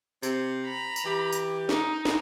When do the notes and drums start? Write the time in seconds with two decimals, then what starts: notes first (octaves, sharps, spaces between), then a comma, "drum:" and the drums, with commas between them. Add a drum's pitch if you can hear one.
0.23 C3 C4, drum: tambourine
0.65 A#5 B5
0.96 drum: tambourine
1.05 E3 G4
1.32 drum: tambourine
1.69 D#4, drum: snare
2.05 drum: snare